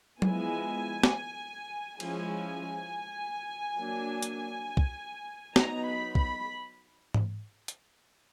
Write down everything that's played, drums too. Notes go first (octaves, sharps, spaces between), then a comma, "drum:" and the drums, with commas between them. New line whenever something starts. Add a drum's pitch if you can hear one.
F3 G#3 B3 E4 G#5, drum: tom F#3
drum: snare
F3 G#3 C#4 E4 G#5, drum: cymbal
F#3 A#3 D4
drum: hi-hat
drum: kick
F#3 B3 D#4 A#5, drum: snare
B5
B5, drum: kick
drum: tom G#2
drum: hi-hat